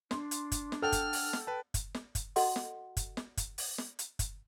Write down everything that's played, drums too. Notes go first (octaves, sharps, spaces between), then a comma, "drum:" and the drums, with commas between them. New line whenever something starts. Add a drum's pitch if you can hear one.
D4 C6, drum: snare
drum: hi-hat
drum: kick, hi-hat
drum: snare
A4 F#5 G5 A5 F6
drum: kick, hi-hat
drum: open hi-hat
drum: snare
B4 G5 A5
drum: kick, hi-hat
drum: snare
drum: kick, hi-hat
F#4 A4 D#5 F#5 C6, drum: open hi-hat
drum: snare
drum: kick, hi-hat
drum: snare
drum: kick, hi-hat
drum: open hi-hat
drum: snare
drum: hi-hat
drum: kick, hi-hat